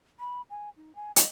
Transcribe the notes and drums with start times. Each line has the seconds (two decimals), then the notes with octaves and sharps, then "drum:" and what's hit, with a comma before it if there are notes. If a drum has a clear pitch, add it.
0.20 B5
0.50 G#5
0.77 D#4
0.95 G#5
1.16 D#5, drum: hi-hat